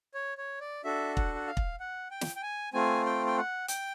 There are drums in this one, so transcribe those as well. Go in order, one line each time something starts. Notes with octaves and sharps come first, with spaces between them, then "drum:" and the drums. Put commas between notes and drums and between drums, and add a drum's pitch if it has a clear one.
C#5
C#5
D5
D4 F#4 A4 E5
F#5, drum: kick
F#5
F5
drum: kick
F#5
G5
drum: snare
G5
G#5
A3 C4 F4 G#5
G5
G5
F#5
G5, drum: hi-hat